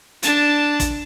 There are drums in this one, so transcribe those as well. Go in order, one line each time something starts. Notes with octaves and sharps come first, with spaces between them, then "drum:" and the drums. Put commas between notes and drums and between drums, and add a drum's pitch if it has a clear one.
D4 A5, drum: hi-hat
drum: kick, hi-hat